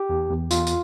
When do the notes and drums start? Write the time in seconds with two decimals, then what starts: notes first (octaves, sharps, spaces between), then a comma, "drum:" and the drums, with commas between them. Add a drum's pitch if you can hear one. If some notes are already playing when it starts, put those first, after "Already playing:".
Already playing: G4
0.09 E2
0.30 E2
0.51 E2 F4, drum: tambourine
0.67 drum: tambourine